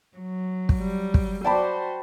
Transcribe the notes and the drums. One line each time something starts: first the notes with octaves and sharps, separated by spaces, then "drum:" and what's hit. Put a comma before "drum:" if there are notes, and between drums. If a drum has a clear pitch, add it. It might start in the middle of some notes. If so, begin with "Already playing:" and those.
F#3
drum: kick
G3
drum: kick
F#4 C5 D5 G5 A5 B5